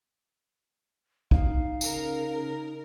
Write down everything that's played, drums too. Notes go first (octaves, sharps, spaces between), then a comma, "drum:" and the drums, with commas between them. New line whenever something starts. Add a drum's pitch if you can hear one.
D#4 F5, drum: kick
C#3 A#4, drum: tambourine